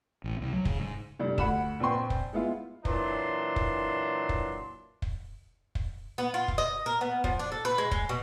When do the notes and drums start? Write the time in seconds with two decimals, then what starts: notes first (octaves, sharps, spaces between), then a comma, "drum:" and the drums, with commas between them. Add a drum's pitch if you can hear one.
0.24 A1
0.41 C2
0.53 F#3
0.65 C#3, drum: kick
0.79 G#2
1.19 F1 G2 G3
1.38 D2 F#5 B5 E7, drum: kick
1.80 A#1 C4 B4 G5 C6
2.10 drum: kick
2.33 G#3 B3 E4 F4
2.85 A#2 E3 F#3 D4 C6, drum: kick
3.56 drum: kick
4.29 drum: kick
5.02 drum: kick
5.75 drum: kick
6.18 B3
6.34 F4
6.48 drum: kick
6.58 D#5
6.86 A#4
7.01 B3
7.24 F3, drum: kick
7.39 D4
7.52 A4
7.65 B4
7.78 G#3
7.91 G#3, drum: kick
8.09 B2